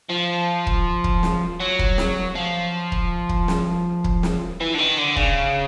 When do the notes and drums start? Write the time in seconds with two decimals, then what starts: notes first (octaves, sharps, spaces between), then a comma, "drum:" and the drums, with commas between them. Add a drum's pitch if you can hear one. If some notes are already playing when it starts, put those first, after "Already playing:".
0.10 F3
0.67 drum: kick
1.04 drum: kick
1.23 drum: snare
1.60 F#3
1.79 drum: kick
1.98 drum: snare
2.35 F3
2.92 drum: kick
3.29 drum: kick
3.48 drum: snare
4.04 drum: kick
4.23 drum: snare
4.61 E3
4.75 D3
4.79 D#3
4.99 D3
5.16 C#3, drum: kick